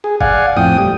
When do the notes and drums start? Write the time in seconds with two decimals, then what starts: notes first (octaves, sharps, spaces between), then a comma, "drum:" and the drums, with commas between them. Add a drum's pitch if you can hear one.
0.04 G#4
0.21 D5 F5 F#5 G#5, drum: kick F#1
0.57 F2 A2 G5 D#6
0.78 G3